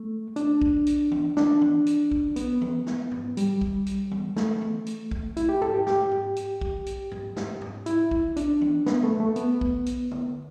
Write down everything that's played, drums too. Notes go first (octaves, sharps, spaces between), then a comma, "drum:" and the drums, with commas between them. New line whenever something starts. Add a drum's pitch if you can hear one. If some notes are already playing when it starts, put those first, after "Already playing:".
Already playing: A3
D4, drum: hi-hat
drum: kick B1
drum: hi-hat
drum: tom E3
D4, drum: snare
drum: tom E3
drum: hi-hat
drum: kick B1
B3, drum: hi-hat
drum: tom E3
drum: snare
drum: tom G#2
G3, drum: hi-hat
drum: kick B1
drum: hi-hat
drum: tom E3
A3, drum: snare
drum: tom E3
drum: hi-hat
drum: kick B1
E4, drum: hi-hat
G4
A4, drum: tom G#2
G4
G4, drum: snare
drum: tom G#2
drum: hi-hat
drum: kick B1
drum: hi-hat
drum: tom G#2
drum: snare
drum: tom G#2
E4, drum: hi-hat
drum: kick B1
D4, drum: hi-hat
drum: tom E3
B3, drum: snare
A3
A3
B3, drum: hi-hat
drum: kick B1
drum: hi-hat
drum: tom